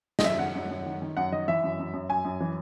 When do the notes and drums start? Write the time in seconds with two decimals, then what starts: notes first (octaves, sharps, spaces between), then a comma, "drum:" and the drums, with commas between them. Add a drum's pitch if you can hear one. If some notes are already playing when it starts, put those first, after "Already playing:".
0.19 D#5, drum: snare
0.24 F#2 E5
0.39 D#3 F#5
0.55 F#2
0.70 F#2
0.86 D#3
1.02 D#3
1.17 F#2 F#5
1.32 D#3 D#5
1.48 E3 E5
1.64 F#2
1.79 F#2
1.94 F#2
2.09 F#2 G#5
2.25 F#2
2.40 E3